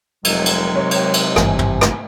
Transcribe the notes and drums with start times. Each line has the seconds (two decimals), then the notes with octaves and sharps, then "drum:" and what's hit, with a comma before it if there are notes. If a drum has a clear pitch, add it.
0.25 F1 D#3 F#3 G#3, drum: cymbal
0.46 drum: cymbal
0.76 C3 C#5
0.91 drum: cymbal
1.14 drum: cymbal
1.36 G#1 G2 E3 G#5, drum: rim click
1.59 drum: tom
1.81 drum: rim click